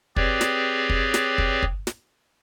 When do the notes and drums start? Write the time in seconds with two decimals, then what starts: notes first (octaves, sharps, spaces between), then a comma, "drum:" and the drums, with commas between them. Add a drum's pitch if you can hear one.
0.16 C4 G4 G#4 B4 C#5 D5, drum: kick
0.41 drum: snare
0.89 drum: kick
1.14 drum: snare
1.38 drum: kick
1.63 drum: kick
1.87 drum: snare